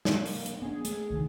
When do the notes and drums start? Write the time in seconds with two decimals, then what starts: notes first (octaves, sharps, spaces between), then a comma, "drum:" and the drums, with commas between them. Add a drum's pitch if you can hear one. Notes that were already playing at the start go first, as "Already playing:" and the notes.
0.05 A#3, drum: snare
0.26 drum: open hi-hat
0.46 drum: hi-hat
0.62 B3 D4 G#4
0.85 A3, drum: hi-hat
1.10 C2 D3 D#3